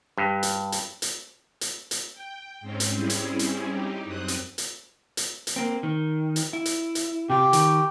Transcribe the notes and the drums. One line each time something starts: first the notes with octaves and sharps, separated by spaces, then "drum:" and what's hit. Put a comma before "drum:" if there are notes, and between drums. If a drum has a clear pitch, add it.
G2
drum: hi-hat
drum: hi-hat
drum: hi-hat
drum: hi-hat
drum: hi-hat
G5
G#2 C4 C#4
drum: hi-hat
G3 C4 C#4 E4 G#4
drum: hi-hat
drum: hi-hat
D#4 G4
F#2 C4 D#6 F#6
drum: hi-hat
drum: hi-hat
drum: hi-hat
drum: hi-hat
A#3 C4
D#3
drum: hi-hat
E4
drum: hi-hat
drum: hi-hat
C3 F4 G4
D#3, drum: hi-hat